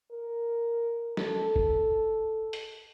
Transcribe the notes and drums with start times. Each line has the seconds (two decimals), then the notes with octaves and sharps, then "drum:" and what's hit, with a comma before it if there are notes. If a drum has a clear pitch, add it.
0.12 A#4
1.17 A4, drum: snare
1.56 drum: kick
2.53 drum: hi-hat